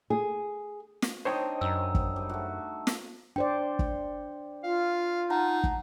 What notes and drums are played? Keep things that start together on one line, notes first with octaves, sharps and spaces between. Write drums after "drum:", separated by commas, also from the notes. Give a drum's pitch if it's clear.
G#4
drum: snare
D4 D#4 C5 C#5 D#5 G5
F#2 A#5 E6
drum: kick
G3
A3 F#4
drum: snare
D4 C5 D5 G5
drum: kick
F4 F5
D#4 F#5 A5 A#5
drum: kick